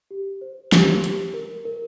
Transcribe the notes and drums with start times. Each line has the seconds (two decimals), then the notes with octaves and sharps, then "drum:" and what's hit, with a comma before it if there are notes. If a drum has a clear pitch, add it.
0.11 G4
0.41 C5
0.72 G4, drum: snare
1.04 G4, drum: hi-hat
1.34 A#4
1.65 A#4